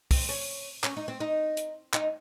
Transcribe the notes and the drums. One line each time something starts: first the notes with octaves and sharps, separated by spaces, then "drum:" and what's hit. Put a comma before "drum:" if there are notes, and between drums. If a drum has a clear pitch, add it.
C4, drum: kick, open hi-hat
C#4
C#4, drum: clap
D#4
C4
D#4
drum: hi-hat
D#4, drum: clap